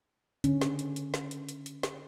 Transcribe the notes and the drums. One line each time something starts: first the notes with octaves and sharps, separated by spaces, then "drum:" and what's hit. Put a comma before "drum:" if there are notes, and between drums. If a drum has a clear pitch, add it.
D3 C#4, drum: hi-hat
drum: snare
drum: hi-hat
drum: hi-hat
drum: snare
drum: hi-hat
drum: hi-hat
drum: hi-hat
drum: snare